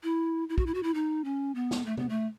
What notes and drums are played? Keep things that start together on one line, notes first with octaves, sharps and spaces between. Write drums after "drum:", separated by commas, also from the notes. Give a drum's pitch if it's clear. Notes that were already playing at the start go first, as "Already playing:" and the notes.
E4
E4
F#4, drum: kick
E4
F#4
E4
D#4
C#4
B3
drum: snare
A3
B3, drum: tom C3
A3